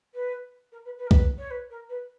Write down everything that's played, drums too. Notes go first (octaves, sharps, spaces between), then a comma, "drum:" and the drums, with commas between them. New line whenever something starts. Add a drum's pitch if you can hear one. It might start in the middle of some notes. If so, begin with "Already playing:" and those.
B4
A#4
B4
B4
A#4
B4, drum: kick B1
C#5
B4
A#4
B4